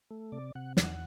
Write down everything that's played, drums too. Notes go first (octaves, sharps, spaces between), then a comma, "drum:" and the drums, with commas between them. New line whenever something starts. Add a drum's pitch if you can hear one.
A3
C3 D5
C3 F#5
E2 F#5, drum: snare